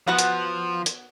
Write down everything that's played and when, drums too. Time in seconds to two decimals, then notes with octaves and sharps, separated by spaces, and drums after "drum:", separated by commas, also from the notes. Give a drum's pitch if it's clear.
0.08 F3 B3 F#4 F#5
0.19 drum: hi-hat
0.86 drum: hi-hat